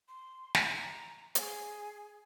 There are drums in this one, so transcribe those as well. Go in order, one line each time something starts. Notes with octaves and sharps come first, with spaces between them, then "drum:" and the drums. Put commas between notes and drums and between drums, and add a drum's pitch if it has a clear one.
C6
drum: snare
A#5
G#4, drum: hi-hat